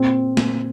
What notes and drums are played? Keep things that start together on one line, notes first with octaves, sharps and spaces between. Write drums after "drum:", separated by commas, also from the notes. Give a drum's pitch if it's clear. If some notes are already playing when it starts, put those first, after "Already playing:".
Already playing: A#2 C4
A#2, drum: snare